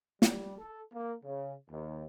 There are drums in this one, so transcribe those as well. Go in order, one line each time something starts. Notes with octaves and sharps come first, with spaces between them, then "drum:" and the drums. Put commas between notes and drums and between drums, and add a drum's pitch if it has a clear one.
G3, drum: snare
A4
A#3
C#3
D#2